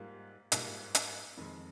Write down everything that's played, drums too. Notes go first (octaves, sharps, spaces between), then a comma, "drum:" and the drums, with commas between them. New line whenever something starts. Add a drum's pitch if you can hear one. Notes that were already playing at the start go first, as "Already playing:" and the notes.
Already playing: G#2 G3 A#3 F4
G#2 G3 A#3 F4, drum: hi-hat
drum: hi-hat
F2 D#3 G#3